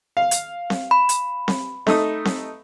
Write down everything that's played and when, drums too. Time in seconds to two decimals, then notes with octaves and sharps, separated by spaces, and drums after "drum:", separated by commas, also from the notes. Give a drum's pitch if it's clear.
0.17 F5
0.31 drum: hi-hat
0.70 drum: snare C4
0.91 B5
1.09 drum: hi-hat
1.48 drum: snare C4
1.87 A3 D#4 D#6, drum: snare C4
2.25 drum: snare C4